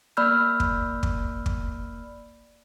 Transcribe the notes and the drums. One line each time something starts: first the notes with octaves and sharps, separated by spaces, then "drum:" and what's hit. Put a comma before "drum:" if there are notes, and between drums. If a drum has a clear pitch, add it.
A#3 D5 B5 E6 F6 G6
drum: kick
drum: kick
drum: kick